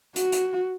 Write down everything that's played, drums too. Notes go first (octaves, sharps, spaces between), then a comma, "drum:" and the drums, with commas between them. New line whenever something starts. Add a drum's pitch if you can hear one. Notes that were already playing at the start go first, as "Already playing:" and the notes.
F#4, drum: hi-hat
drum: hi-hat